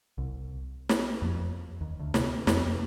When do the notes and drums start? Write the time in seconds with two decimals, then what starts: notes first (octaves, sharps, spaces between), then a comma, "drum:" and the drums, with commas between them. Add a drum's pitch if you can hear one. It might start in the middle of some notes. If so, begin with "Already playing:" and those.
0.18 C2
0.89 drum: snare
1.22 F2
1.81 D#2
1.99 D2
2.14 C3, drum: snare
2.47 F2, drum: snare